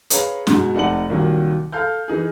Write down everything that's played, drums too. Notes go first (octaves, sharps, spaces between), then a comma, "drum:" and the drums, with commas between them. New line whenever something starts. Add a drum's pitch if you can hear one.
G#4 B4 C#5 F5 A#5, drum: hi-hat
G#2 B2, drum: snare
F1 D#4 D5 F#5 A5 F#7
C2 A#2 D#3 F#3 A#3
A4 F5 F6 G6
E3 D#4 G#4